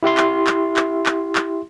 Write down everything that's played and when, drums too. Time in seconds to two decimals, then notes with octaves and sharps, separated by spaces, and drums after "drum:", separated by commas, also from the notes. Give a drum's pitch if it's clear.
0.03 E4 G4 E5 C6
0.17 drum: clap
0.47 drum: clap
0.76 drum: clap
1.06 drum: clap
1.35 drum: clap